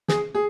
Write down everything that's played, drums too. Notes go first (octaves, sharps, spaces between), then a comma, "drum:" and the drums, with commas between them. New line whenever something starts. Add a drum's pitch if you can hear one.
G#4, drum: snare
G#4